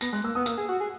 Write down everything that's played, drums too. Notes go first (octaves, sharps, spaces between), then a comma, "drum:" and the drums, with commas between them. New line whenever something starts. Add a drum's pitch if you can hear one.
B3 A#6, drum: tambourine
G#3 F#6
A#3 E6
B3 D#6
A#3 E6, drum: tambourine
G#4
F#4
G#4